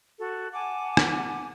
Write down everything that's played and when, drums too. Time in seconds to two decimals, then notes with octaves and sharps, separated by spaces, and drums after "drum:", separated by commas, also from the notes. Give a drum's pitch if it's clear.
0.18 F#4 A4
0.52 F#5 G#5 A5 D6
0.97 drum: rim click